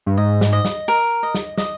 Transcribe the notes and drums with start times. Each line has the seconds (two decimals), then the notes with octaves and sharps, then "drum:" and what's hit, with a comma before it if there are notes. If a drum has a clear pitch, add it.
0.06 G2
0.17 G#2 D#5
0.41 drum: snare
0.53 D#5
0.65 drum: snare
0.88 A#4
1.23 D#5
1.34 drum: snare
1.57 D#5, drum: snare